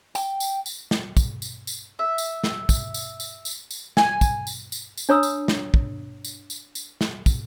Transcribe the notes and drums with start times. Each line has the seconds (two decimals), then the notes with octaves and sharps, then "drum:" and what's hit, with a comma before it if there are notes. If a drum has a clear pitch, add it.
0.15 G5, drum: tambourine
0.40 drum: tambourine
0.66 drum: tambourine
0.91 drum: snare
1.17 drum: kick, tambourine
1.42 drum: tambourine
1.67 drum: tambourine
1.99 E5
2.18 drum: tambourine
2.44 drum: snare
2.69 drum: kick, tambourine
2.94 drum: tambourine
3.20 drum: tambourine
3.45 drum: tambourine
3.71 drum: tambourine
3.97 G#5, drum: snare
4.21 drum: kick, tambourine
4.47 drum: tambourine
4.72 drum: tambourine
4.98 drum: tambourine
5.09 D4 C#5 A#5 D#6 E6
5.23 drum: tambourine
5.48 drum: snare
5.74 drum: kick
6.25 drum: tambourine
6.50 drum: tambourine
6.75 drum: tambourine
7.01 drum: snare
7.26 drum: kick, tambourine